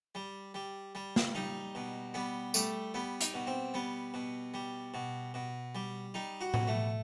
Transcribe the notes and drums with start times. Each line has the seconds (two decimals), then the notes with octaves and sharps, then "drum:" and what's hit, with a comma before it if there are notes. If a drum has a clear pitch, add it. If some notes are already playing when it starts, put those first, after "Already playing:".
0.15 G3
0.54 G3
0.95 G3
1.16 drum: snare
1.35 G3 D#4
1.75 B2
2.14 G3 B3
2.54 G3 A3, drum: tambourine
2.94 G3 B3
3.21 D#4, drum: hi-hat
3.34 B2
3.47 C4
3.74 G3 B3
4.14 B2
4.54 G3
4.94 B2
5.34 B2
5.75 G3
6.14 G3 D#4
6.41 F#4
6.54 B2, drum: tom A2
6.67 A3